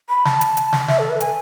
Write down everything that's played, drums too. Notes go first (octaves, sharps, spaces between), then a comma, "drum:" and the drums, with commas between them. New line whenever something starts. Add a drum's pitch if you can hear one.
B5
A5, drum: snare
drum: hi-hat
drum: hi-hat
drum: snare
E5, drum: snare
A4
B4
G#5, drum: hi-hat